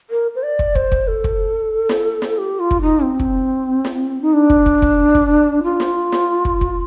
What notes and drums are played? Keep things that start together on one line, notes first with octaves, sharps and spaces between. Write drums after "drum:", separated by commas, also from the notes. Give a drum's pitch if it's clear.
A#4
C5
D5
drum: kick
C5, drum: kick
drum: kick
A4
drum: kick
drum: snare
drum: snare
G4
F4
drum: kick
D#4
C4
drum: kick
drum: snare
D#4
D4
drum: kick
drum: kick
drum: kick
drum: kick
F4
drum: snare
drum: snare
drum: kick
drum: kick